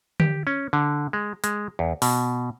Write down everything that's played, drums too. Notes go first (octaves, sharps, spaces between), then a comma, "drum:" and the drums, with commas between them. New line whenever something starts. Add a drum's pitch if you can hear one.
G4, drum: tom D3
C#4
D3
G#3
G#3, drum: hi-hat
E2
B2, drum: open hi-hat